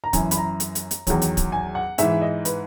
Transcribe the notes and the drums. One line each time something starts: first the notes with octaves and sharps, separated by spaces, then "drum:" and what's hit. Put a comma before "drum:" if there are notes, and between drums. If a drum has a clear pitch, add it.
A#5
F#2 E3 G#5, drum: kick, hi-hat
B5, drum: hi-hat
A#5
drum: hi-hat
drum: hi-hat
drum: hi-hat
E2 D#3 F#3, drum: kick, hi-hat
drum: hi-hat
drum: kick, hi-hat
G#5
F#5
G#2 E3 E5, drum: hi-hat
D#5
B4, drum: hi-hat